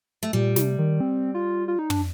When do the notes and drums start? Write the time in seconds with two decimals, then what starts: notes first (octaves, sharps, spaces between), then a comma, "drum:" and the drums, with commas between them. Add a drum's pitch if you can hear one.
0.23 A3
0.33 A#2 G3
0.56 C3, drum: snare
0.79 D#3
1.01 C4
1.34 F4
1.68 F4
1.79 D#4
1.90 D4, drum: tom